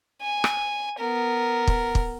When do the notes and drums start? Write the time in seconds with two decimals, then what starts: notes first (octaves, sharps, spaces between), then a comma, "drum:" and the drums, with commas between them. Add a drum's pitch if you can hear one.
0.22 G#5
0.44 drum: rim click
0.99 B3 A#4
1.68 drum: kick
1.95 drum: kick